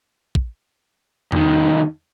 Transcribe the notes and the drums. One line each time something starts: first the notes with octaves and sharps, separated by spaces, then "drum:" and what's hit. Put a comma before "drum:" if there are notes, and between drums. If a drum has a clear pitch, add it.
drum: kick
C2 D#3, drum: tom E2